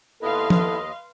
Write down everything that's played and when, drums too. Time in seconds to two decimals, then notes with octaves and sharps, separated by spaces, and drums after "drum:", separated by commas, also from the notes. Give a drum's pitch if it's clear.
0.22 D#2 B3 E4 A4 B4 D#5 F5 C6
0.50 drum: tom F3